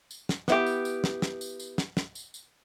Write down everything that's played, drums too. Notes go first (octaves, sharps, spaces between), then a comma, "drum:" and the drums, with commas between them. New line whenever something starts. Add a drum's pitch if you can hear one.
drum: tambourine
drum: snare
B3 E4 G4, drum: snare
drum: tambourine
drum: tambourine
drum: snare
drum: snare
drum: tambourine
drum: tambourine
drum: snare
drum: snare
drum: tambourine
drum: tambourine